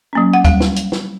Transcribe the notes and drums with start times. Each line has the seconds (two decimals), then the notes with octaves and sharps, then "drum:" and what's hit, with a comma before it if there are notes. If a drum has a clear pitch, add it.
0.13 F#3 A#3 C#4
0.33 F#5
0.45 G3 F5, drum: kick, hi-hat
0.60 drum: snare
0.76 drum: hi-hat
0.92 drum: snare